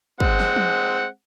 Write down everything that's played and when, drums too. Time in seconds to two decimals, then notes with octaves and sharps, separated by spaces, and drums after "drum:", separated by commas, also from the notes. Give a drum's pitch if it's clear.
0.20 G#3 C4 F#5, drum: kick
0.40 drum: snare F3
0.56 drum: tom